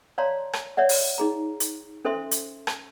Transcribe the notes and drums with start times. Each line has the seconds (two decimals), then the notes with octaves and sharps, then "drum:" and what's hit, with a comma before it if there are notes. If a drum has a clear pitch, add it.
0.18 C#5 D5 F5 A5 A#5 C6
0.53 drum: rim click
0.77 C#5 D5 E5 F#5
0.89 drum: open hi-hat
1.18 D#4 G#4 A#5
1.60 drum: hi-hat
2.05 C#4 A4 C5 E5 C6
2.31 drum: hi-hat
2.67 drum: rim click